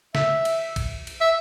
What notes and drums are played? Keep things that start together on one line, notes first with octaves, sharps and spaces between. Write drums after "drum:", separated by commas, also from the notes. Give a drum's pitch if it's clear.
E5, drum: snare
drum: cymbal
drum: kick G#1, cymbal
drum: cymbal
E5